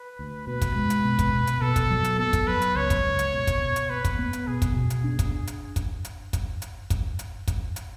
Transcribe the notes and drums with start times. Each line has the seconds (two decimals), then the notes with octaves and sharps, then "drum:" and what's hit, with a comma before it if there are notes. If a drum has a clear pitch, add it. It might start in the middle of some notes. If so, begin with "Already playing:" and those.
Already playing: B4
0.19 D2
0.47 B2 B4
0.61 drum: kick, hi-hat
0.76 G#3
0.90 drum: hi-hat
1.05 B2
1.19 drum: kick, hi-hat
1.33 B2
1.47 drum: hi-hat
1.61 B2 A4
1.76 drum: kick, hi-hat
1.90 F#3
2.04 drum: hi-hat
2.19 B3 A4
2.33 drum: kick, hi-hat
2.47 F#3 B4
2.62 drum: hi-hat
2.75 C#2 C#5
2.90 drum: kick, hi-hat
3.04 C#2
3.19 drum: hi-hat
3.34 B2
3.47 drum: kick, hi-hat
3.62 B2
3.76 drum: hi-hat
3.90 B3 B4
4.05 drum: kick, hi-hat
4.19 B3
4.33 drum: hi-hat
4.47 B2 G#4
4.62 drum: kick, hi-hat
4.76 B2
4.90 drum: hi-hat
5.04 D4
5.19 drum: kick, hi-hat
5.47 drum: hi-hat
5.76 drum: kick, hi-hat
6.05 drum: hi-hat
6.33 drum: kick, hi-hat
6.62 drum: hi-hat
6.90 drum: kick, hi-hat
7.19 drum: hi-hat
7.48 drum: kick, hi-hat
7.76 drum: hi-hat